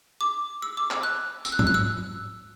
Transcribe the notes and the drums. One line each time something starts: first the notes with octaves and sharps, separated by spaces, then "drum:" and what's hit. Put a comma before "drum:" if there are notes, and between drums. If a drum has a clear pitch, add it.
D6
E6
D6
E6, drum: clap
F#6
E6, drum: tambourine
F#6
E6, drum: tom
F#6
E6